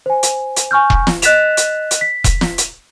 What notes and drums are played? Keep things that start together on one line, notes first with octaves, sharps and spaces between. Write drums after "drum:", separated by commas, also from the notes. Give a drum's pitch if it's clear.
C5 G#5
drum: hi-hat
drum: hi-hat
G#5 C#6 F6 G6
drum: kick E1
drum: snare
D#5 F#6 A6 B6 E7 F7, drum: hi-hat
drum: hi-hat
drum: hi-hat
B6
drum: kick E1, hi-hat
drum: snare
drum: hi-hat